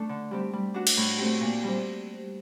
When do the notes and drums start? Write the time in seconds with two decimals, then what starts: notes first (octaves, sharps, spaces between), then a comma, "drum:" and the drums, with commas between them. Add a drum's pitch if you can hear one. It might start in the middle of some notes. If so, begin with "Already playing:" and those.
Already playing: A3 D4 A4
0.09 D3
0.31 G3 C4 G4
0.53 G3
0.74 D4 F#4
0.87 drum: cymbal
0.97 A2
1.19 A3 C4 G4
1.41 A#2
1.64 G3 C4